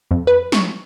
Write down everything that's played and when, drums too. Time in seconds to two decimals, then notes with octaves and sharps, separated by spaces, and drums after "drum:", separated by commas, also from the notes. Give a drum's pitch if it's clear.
0.11 F2
0.27 B4
0.52 C#6, drum: snare